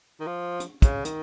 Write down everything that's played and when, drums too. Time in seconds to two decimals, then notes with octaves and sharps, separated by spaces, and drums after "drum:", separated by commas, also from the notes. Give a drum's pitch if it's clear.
0.20 D#3
0.27 F3
0.60 drum: hi-hat
0.82 C#3, drum: kick, hi-hat
1.05 D#3, drum: hi-hat